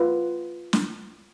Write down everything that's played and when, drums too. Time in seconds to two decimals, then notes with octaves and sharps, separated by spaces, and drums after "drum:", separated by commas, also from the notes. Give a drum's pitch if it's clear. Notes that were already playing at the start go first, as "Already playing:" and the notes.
Already playing: F4 B4
0.73 drum: snare